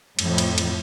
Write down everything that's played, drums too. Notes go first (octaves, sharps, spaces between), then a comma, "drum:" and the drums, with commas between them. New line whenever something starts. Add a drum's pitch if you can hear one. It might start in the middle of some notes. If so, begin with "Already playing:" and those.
F2 A2, drum: cymbal
drum: cymbal
drum: cymbal